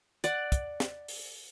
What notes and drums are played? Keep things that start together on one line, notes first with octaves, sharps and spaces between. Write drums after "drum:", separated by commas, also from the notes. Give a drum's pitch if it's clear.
D5 F#5, drum: hi-hat
drum: kick, hi-hat
drum: snare
drum: open hi-hat